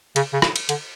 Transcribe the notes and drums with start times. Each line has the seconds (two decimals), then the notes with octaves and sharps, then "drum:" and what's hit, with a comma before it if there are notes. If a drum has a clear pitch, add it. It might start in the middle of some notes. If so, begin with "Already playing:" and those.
0.16 C#3, drum: cymbal
0.33 C#3
0.42 drum: rim click
0.56 drum: cymbal
0.69 D3, drum: cymbal